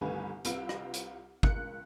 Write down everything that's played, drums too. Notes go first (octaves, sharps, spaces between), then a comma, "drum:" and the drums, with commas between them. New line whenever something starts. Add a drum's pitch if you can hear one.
G1 C2 D#3 A3 B4 G#5
C2 C4 F4 B4 E6 D7, drum: hi-hat
drum: rim click
drum: hi-hat
C#2 A#4 F#6 C#7, drum: kick